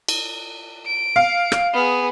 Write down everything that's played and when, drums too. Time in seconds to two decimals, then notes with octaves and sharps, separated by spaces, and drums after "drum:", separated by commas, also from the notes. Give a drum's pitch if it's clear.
0.09 drum: cymbal
0.86 D7
1.16 F5
1.52 drum: rim click
1.73 B3 G#4